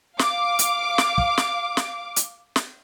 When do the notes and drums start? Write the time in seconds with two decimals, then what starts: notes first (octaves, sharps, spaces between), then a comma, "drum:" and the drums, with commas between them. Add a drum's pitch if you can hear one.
0.19 F5 D6, drum: snare
0.59 drum: hi-hat
0.98 drum: snare
1.18 drum: kick
1.37 drum: snare
1.77 drum: snare
2.16 drum: hi-hat
2.56 drum: snare